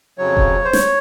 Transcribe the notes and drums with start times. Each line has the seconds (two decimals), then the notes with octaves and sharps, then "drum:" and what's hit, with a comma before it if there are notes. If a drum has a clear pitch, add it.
0.18 F2 C#3 F#3 C#5
0.37 drum: kick E1
0.65 C5
0.73 C#5, drum: snare